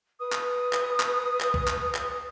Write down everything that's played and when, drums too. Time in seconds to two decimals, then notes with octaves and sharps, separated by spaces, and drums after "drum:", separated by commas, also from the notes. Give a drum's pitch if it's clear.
0.19 B4 D#6
0.32 drum: clap
0.73 drum: clap
1.00 drum: clap
1.41 drum: clap
1.54 drum: kick
1.68 drum: clap
1.95 drum: clap